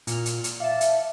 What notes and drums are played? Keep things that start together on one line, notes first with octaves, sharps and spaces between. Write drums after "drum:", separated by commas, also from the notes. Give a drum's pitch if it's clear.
A#2 F6, drum: hi-hat
drum: hi-hat
drum: hi-hat
D5 E5 F5 A5
drum: hi-hat